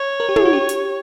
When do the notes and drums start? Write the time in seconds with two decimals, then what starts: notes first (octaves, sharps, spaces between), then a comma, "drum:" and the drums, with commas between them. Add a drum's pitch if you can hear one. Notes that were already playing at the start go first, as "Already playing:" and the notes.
Already playing: C#5
0.20 A#4
0.29 G4
0.36 E4, drum: tom
0.45 F#4
0.53 G4
0.69 drum: hi-hat